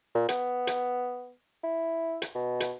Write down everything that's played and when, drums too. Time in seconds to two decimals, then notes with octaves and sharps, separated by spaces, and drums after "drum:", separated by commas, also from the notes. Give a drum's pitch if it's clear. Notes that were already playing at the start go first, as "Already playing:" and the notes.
0.15 A#2
0.29 B3, drum: hi-hat
0.67 drum: hi-hat
1.64 E4
2.22 drum: hi-hat
2.35 B2
2.60 drum: hi-hat